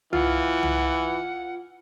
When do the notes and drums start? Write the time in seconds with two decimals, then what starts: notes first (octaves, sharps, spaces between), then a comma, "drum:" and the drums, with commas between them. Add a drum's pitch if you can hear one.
0.13 E3 F4 F#5, drum: tom C2
0.63 drum: tom C2